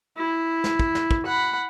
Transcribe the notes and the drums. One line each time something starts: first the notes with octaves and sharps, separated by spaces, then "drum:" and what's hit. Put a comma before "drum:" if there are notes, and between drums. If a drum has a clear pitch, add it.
E4
drum: snare
drum: kick
drum: snare
drum: kick
F#5 B5